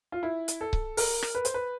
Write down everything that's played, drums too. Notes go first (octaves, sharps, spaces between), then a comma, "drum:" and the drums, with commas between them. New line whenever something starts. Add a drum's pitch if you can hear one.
F4
E4
drum: hi-hat
A4
drum: kick C#1
A#4, drum: open hi-hat
drum: rim click
B4
C5, drum: hi-hat
B4